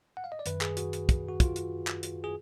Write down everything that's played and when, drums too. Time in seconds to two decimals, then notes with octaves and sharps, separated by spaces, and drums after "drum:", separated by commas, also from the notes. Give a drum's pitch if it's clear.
0.17 F#5
0.24 F5
0.32 D#5
0.39 D5
0.46 F#2 D#3 B4, drum: hi-hat
0.61 G#4, drum: clap
0.77 F#4, drum: hi-hat
0.93 drum: hi-hat
1.09 drum: kick, hi-hat
1.29 F#4
1.40 F4, drum: kick, hi-hat
1.56 drum: hi-hat
1.87 drum: clap
2.03 drum: hi-hat
2.24 G#4